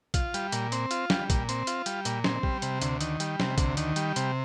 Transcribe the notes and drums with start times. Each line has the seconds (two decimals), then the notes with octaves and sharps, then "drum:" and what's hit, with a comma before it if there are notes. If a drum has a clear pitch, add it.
0.14 F4, drum: kick, hi-hat
0.34 G3, drum: hi-hat
0.52 A#2, drum: hi-hat
0.72 C4, drum: hi-hat
0.91 F4, drum: hi-hat
1.10 G3, drum: snare
1.30 A#2, drum: kick, hi-hat
1.49 C4, drum: hi-hat
1.67 F4, drum: hi-hat
1.86 G3, drum: hi-hat
2.05 A#2, drum: hi-hat
2.24 C4, drum: snare
2.43 G3, drum: kick
2.62 C3, drum: hi-hat
2.81 D2, drum: hi-hat
3.01 D#3, drum: hi-hat
3.20 G3, drum: hi-hat
3.40 C3, drum: snare
3.58 D2, drum: kick, hi-hat
3.77 D#3, drum: hi-hat
3.96 G3, drum: hi-hat
4.16 C3, drum: hi-hat